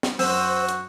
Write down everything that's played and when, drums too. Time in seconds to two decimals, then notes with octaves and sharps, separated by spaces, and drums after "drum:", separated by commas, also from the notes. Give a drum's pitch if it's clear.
0.03 drum: snare
0.19 F#2 F#4 C5 E6, drum: open hi-hat
0.69 drum: hi-hat